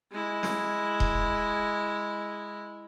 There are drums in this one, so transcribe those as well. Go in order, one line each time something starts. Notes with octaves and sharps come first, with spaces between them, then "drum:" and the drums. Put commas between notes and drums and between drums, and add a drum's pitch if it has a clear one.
G#3 E4
drum: snare
drum: kick D#1